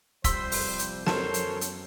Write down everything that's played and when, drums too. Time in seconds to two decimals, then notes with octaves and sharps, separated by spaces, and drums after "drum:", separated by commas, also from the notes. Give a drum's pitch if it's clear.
0.24 C3 F3 G3 C5 C6 E6 B6, drum: kick, hi-hat
0.52 drum: open hi-hat
0.79 drum: hi-hat
1.06 F#2 A4 A#4 C5 C#5 A5, drum: snare
1.34 drum: hi-hat
1.61 drum: hi-hat